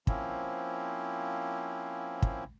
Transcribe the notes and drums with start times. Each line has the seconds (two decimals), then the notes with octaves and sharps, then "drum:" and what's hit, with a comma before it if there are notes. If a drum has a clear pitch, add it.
0.07 F3 A#3 C4 C#4 E4, drum: kick
2.22 drum: kick